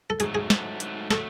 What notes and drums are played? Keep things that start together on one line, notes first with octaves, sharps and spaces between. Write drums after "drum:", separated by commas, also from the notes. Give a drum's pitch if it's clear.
A4
G#2 F#3 A3 G#4, drum: hi-hat
G#4
G#2 F#3 A3, drum: snare
G#2 F#3 A3, drum: hi-hat
F#3 A3 A4, drum: snare